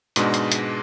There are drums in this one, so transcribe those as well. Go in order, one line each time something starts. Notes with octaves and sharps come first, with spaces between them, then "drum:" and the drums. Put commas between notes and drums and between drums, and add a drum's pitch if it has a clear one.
G#2 B2 G#3 D4, drum: hi-hat
drum: hi-hat
drum: hi-hat